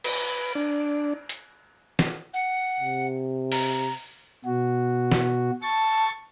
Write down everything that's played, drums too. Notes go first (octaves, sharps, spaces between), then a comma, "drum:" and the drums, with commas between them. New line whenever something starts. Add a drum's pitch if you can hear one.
B4, drum: cymbal
D4
drum: hi-hat
drum: snare
F#5
C3
A#5, drum: open hi-hat
B2 F#4
drum: snare
A5 C#6 A6